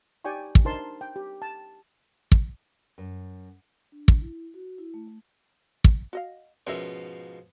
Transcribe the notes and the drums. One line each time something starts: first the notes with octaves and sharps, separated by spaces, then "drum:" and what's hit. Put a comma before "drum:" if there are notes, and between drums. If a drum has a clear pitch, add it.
D#4 G4 D5 G5 G#5 C#6
drum: kick
D4 D#4 A#4 C5 A5 C6
G5
G4
A5
drum: kick
F#2
D4
drum: kick
E4
F#4
E4
A3
A3
drum: kick
F#4 D#5 F5
G#2 B2 F3 C#4 A#4 E5